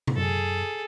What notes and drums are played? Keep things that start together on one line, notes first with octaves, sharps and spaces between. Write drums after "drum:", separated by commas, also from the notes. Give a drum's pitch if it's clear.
drum: tom C3
F#2 G#4 A4